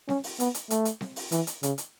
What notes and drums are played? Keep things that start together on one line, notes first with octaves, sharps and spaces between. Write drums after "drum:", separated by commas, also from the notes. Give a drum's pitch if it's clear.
C#4, drum: snare C4
drum: open hi-hat
B3, drum: hi-hat
drum: hi-hat
A3, drum: hi-hat
drum: hi-hat
drum: snare C4
drum: open hi-hat
E3, drum: hi-hat
drum: hi-hat
C#3, drum: hi-hat
drum: hi-hat